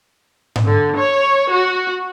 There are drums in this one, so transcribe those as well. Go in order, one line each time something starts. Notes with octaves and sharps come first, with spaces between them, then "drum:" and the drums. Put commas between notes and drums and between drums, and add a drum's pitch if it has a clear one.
drum: tom G#2
D3
C#5
F#4